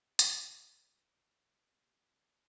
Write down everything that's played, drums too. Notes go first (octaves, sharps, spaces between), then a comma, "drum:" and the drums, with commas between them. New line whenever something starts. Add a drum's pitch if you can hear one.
D5 F6 G#6 D7, drum: hi-hat
A#3 C4 D4 G4